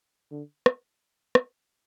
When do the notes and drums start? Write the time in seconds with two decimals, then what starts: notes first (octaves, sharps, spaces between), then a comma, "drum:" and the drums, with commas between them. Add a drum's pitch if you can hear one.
0.31 D3
0.66 drum: rim click
1.35 drum: rim click